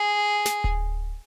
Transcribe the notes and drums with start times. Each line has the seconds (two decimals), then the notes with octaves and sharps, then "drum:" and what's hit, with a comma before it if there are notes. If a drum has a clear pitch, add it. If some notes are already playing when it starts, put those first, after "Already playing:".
Already playing: G#4
0.46 drum: snare
0.64 drum: kick D1